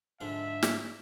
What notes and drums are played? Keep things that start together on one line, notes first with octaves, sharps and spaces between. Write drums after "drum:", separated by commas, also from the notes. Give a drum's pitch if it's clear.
G#2 D3 F3 E5
drum: snare